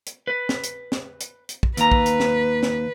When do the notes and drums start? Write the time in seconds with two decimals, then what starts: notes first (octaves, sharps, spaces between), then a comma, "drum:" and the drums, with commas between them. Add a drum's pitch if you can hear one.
0.06 drum: hi-hat
0.27 B4
0.49 drum: snare
0.63 drum: hi-hat
0.92 drum: snare
1.20 drum: hi-hat
1.49 drum: hi-hat
1.63 drum: kick
1.77 D#2 B4 A#5, drum: hi-hat
1.91 drum: kick
2.06 drum: hi-hat
2.20 drum: snare
2.63 drum: snare